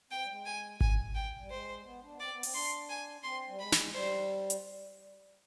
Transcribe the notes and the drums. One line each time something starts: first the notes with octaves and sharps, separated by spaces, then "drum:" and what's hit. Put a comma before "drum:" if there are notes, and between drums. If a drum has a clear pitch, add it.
C4 G5
G3
G#3
G#5
G#5, drum: kick G#1
G5
G3
G#3 C5
B3
D4
B3
C4 D5
B3
C4, drum: open hi-hat
D4 C6
G#5
C4 C6
G3
G#3 B5
drum: snare
G3 C5
drum: hi-hat